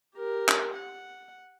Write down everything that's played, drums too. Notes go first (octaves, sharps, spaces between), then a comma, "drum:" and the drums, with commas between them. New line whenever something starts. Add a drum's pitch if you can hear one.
G4 A#4
drum: clap
F#5